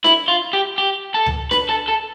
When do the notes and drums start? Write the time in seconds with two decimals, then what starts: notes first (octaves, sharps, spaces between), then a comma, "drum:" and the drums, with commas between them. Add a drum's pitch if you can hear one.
0.04 E4, drum: snare D4
0.28 F4
0.53 G4
0.78 G4
1.14 A4
1.26 drum: tom C#2
1.51 B4, drum: snare D4
1.69 A4
1.88 A4